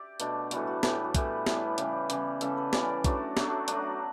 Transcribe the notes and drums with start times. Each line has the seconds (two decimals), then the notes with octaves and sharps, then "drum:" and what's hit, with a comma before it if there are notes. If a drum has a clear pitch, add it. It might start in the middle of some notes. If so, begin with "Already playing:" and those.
Already playing: G4 D5 E5
0.20 B2 A3 D4, drum: hi-hat
0.51 A2 E3 G3 B3 F#4, drum: hi-hat
0.67 F#4
0.83 A2 E3 G3 B3 G4, drum: snare
1.04 F#4
1.15 A2 E3 G3 B3 G4, drum: kick, hi-hat
1.46 A2 E3 G3 B3, drum: snare
1.78 C#3 E3 G3 G4, drum: hi-hat
2.10 C#3 E3 G3, drum: hi-hat
2.41 C#3 E3 G3 A4, drum: hi-hat
2.57 B4
2.73 C#3 E3 G3 D5, drum: snare
2.89 D5
3.04 F#3 A3 D4, drum: kick, hi-hat
3.37 F#3 A3 D4, drum: snare
3.68 F#3 A3 D4 F#5, drum: hi-hat